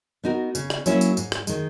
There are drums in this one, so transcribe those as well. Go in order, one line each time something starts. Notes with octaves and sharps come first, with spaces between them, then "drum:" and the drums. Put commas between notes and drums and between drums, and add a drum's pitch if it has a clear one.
B3 D#4 F#4 A#4
C#3, drum: tambourine
drum: rim click
F#3 A#3 C#4 E4, drum: tambourine
drum: tambourine
G#2, drum: tambourine
drum: rim click
D#3 G#3, drum: tambourine